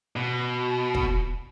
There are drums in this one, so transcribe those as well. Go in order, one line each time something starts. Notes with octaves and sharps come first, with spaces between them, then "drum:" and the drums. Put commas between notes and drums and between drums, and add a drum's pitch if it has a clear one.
B2
drum: kick